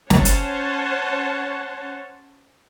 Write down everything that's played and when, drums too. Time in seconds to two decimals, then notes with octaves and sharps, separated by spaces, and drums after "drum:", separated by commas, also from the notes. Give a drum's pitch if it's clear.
0.10 C#4 C5 C#5 F#5 A5, drum: snare
0.25 drum: hi-hat